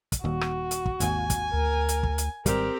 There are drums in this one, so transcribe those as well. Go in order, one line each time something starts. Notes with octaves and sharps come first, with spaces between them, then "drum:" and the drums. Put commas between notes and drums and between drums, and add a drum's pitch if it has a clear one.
drum: kick, hi-hat
D#1 D#2 F#4
drum: rim click
drum: hi-hat
drum: kick
G#1 D#2 G#5, drum: hi-hat
drum: kick, hi-hat
D2 A#4
drum: hi-hat
drum: kick
drum: hi-hat
G#1 G3 C4 G4 A#4, drum: kick, hi-hat